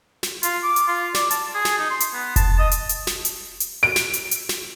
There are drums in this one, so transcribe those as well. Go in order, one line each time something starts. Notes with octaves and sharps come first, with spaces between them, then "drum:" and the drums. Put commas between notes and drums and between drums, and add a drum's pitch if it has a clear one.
drum: snare
F4, drum: hi-hat
D6
drum: hi-hat
F4
D5, drum: snare
A5, drum: hi-hat
G#4
drum: snare
D#4
C6
drum: hi-hat
B3
A5, drum: kick F1, hi-hat
D#5
drum: hi-hat
drum: hi-hat
drum: snare
drum: hi-hat
drum: hi-hat
D7
drum: snare
drum: hi-hat
drum: hi-hat
drum: snare